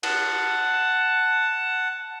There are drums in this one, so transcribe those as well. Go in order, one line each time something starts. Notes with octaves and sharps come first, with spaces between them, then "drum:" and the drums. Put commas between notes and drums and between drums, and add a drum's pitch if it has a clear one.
F#5 A5, drum: cymbal